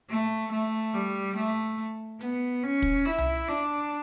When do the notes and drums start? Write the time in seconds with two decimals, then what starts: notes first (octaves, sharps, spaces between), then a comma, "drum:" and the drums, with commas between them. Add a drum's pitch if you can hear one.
0.09 A3
0.51 A3
0.94 G3
1.36 A3
2.21 B3, drum: hi-hat
2.63 C#4
2.82 drum: kick
3.05 E4
3.18 drum: tom C2
3.48 D4